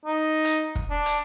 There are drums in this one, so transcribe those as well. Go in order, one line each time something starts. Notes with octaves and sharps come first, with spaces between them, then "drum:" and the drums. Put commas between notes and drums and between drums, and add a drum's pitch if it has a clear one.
D#4
drum: hi-hat
drum: kick
D4
drum: hi-hat